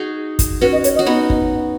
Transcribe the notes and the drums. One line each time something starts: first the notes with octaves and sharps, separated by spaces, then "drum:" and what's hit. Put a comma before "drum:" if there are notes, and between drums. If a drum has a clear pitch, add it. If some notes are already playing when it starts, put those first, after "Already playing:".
Already playing: D#4 F#4 G#4
drum: kick, hi-hat
C#4 F#4 B4
D#5
C#5, drum: hi-hat
D#5
F#4
B3 D#4
drum: kick